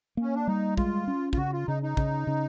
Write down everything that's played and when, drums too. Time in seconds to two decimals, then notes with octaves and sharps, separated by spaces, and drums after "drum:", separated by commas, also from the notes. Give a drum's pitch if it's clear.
0.17 A#3 C#4
0.35 D4
0.47 G3 D#4
0.77 G#3 F4, drum: kick
1.08 C#4
1.33 F4, drum: kick
1.37 C#3 F#4
1.53 F4
1.68 C#3 D#4
1.83 D#4
1.97 C#3, drum: kick
2.27 C#3